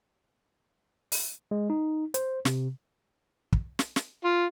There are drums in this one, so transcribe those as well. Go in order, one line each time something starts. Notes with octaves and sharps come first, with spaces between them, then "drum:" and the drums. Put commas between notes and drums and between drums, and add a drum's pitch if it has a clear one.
drum: open hi-hat
G#3
D#4
C5, drum: hi-hat
C3, drum: snare
drum: kick
drum: snare
drum: snare
F4